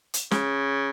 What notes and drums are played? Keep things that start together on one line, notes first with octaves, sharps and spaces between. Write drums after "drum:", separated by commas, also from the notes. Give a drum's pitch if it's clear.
drum: hi-hat
C#3, drum: snare